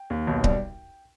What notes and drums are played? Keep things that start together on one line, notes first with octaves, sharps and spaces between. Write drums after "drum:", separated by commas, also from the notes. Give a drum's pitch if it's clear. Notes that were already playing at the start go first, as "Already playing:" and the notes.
Already playing: G5
D#2
B1
G3, drum: kick D1